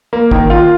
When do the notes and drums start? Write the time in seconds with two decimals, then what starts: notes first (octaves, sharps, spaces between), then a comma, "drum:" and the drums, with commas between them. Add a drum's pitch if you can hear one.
0.13 A#3
0.31 D#3, drum: kick
0.50 F4